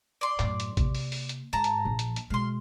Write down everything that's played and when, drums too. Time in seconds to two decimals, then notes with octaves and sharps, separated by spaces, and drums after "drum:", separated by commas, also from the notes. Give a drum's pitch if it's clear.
0.21 D5 C6
0.39 F#2 A2, drum: clap
0.60 drum: hi-hat
0.77 C3 A#3, drum: kick A1, hi-hat
0.95 drum: open hi-hat
1.12 drum: open hi-hat
1.29 drum: hi-hat
1.53 G#2 A5 A#5
1.64 drum: hi-hat
1.85 A#1 F3
1.99 drum: hi-hat
2.16 drum: hi-hat
2.30 B2 G#3 F5 C6